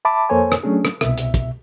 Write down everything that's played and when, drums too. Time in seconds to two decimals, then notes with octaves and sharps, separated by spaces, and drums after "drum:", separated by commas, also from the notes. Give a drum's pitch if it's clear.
0.05 E5 A5 B5 D6
0.29 F2 A#3 A4 C5 C#5 G#5
0.52 drum: rim click
0.63 F#3 A3 C#4 D4 G#4
0.85 drum: rim click
1.01 C2 B2 E5, drum: rim click
1.18 drum: hi-hat
1.34 drum: kick, hi-hat